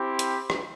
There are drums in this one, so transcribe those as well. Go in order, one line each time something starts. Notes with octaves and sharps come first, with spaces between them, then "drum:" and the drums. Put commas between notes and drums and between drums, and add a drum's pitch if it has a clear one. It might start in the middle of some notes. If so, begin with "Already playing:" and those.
Already playing: C4 E4 G4
drum: hi-hat
drum: rim click